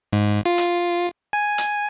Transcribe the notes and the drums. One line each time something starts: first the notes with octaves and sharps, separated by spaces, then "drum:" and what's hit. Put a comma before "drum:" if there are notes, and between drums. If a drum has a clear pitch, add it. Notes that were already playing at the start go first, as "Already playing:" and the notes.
G#2
F4
drum: hi-hat
G#5
drum: hi-hat